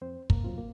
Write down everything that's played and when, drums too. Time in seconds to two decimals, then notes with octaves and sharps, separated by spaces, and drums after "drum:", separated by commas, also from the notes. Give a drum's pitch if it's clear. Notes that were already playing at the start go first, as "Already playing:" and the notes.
0.01 F2 C4 C5
0.30 A#3 A#4, drum: kick
0.44 C3 F#3 C4 F4
0.58 A#3